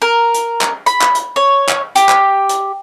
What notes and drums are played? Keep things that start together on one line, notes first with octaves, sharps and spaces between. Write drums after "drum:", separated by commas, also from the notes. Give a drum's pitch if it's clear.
A#4
drum: hi-hat
drum: clap
B5, drum: hi-hat
drum: clap
drum: hi-hat
C#5
drum: clap
G4, drum: hi-hat
drum: clap
drum: hi-hat